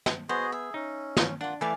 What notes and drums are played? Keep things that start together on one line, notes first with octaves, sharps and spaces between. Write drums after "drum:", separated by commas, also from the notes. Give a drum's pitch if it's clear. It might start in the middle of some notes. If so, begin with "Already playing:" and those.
drum: snare
B3 F#4 G#4 C5 D#5
G#4 E5
C#4 D#4
drum: snare
A#3 D4 F4 F#5
E3 A3 E4 D5 E5 F5 G#5